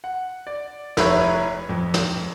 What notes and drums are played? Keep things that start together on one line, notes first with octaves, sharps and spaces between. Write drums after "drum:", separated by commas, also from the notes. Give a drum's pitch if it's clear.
F#5
D5
F1 E4 B4 C#5, drum: snare
F2
drum: snare